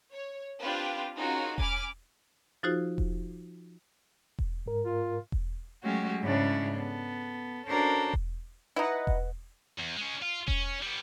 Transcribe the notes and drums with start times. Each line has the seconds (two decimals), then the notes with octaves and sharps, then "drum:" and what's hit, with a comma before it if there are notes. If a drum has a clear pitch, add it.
0.12 C#5
0.59 C4 D4 F4 G4 B4
1.16 C#4 D#4 F4 F#4 G#4 A#4
1.58 G#5 B5 D6 F6 D7, drum: kick E1
2.63 F3 D#4 F4 F#4 G#4 C5
2.98 drum: kick E1
4.39 drum: kick E1
4.66 G#2 A#4
4.85 F4
5.32 drum: kick E1
5.84 F#3 G#3 A3 C#4 F#4 G4
6.23 G#2 C#3 G#3 C#4 D4 E4
6.77 B3 A4
7.68 C#4 D4 F#4 A4 A#4 C5
8.13 drum: kick E1
8.76 D#4 E4 B4 D#5 F#5
9.07 drum: kick E1
9.79 E2
9.97 G#3 C#4
10.22 F4
10.48 C#4, drum: kick E1
10.82 G3 B3